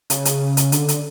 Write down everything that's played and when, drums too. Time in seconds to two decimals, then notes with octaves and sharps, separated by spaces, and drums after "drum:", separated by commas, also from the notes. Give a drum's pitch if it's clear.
0.10 C#3, drum: hi-hat
0.25 drum: hi-hat
0.57 drum: hi-hat
0.72 D3, drum: hi-hat
0.88 drum: hi-hat